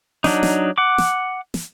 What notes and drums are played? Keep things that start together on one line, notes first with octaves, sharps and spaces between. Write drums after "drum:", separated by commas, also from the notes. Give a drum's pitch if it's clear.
F#3 D4 D#4, drum: snare
drum: snare
F#5 D6
drum: snare
drum: snare